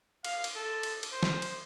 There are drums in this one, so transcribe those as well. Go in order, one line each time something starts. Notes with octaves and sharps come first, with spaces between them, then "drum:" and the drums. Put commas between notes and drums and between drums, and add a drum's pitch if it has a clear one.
F5, drum: cymbal
drum: cymbal
A4
drum: cymbal
drum: cymbal
C5
drum: snare
drum: cymbal